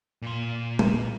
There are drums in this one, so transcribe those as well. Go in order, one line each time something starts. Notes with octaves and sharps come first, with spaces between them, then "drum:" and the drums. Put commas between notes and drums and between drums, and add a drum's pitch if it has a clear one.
A#2 C6
drum: tom